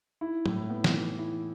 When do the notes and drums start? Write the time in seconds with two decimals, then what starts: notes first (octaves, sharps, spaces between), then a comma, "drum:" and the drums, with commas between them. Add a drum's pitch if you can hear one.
0.21 E4
0.46 A2, drum: tom
0.70 B3
0.84 drum: snare
0.94 E3
1.18 E4